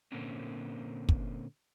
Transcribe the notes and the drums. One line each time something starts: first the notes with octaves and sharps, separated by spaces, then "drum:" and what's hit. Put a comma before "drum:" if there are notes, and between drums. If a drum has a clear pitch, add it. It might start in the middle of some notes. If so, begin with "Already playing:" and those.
A#2 D3 A#3 C4 C#4
drum: kick